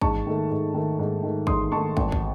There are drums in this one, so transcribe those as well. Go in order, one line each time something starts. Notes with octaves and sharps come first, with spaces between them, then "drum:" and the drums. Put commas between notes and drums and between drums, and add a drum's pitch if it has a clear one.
G#2 A5 C#6, drum: kick
D#3 A3
G#2
D#3 A3
G#2
D#3 A3
G#2 C6 D#6, drum: kick
D#3 A3 A5 C#6
G#1, drum: kick
drum: kick